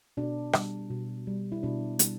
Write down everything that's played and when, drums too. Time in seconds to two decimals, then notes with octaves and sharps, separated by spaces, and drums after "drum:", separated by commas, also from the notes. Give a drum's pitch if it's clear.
0.17 B2 D4
0.53 G3, drum: rim click
0.90 B2
1.27 G3
1.52 E4
1.63 B2 D4
1.99 G3, drum: hi-hat